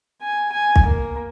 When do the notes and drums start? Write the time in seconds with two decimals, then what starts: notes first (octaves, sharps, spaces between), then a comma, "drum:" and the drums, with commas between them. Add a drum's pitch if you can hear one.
0.22 G#5
0.52 G#5
0.76 drum: kick
0.86 A#3